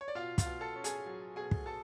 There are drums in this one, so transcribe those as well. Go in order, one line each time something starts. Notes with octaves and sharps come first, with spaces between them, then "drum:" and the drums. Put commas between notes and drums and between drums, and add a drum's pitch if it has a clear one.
C#5
D5
B2 F4 F5
F4 F5, drum: kick, hi-hat
B2
A4 A5
C#4
G#4 G#5, drum: hi-hat
F#3
B2 G#4 G#5
drum: kick
B2 A4 A5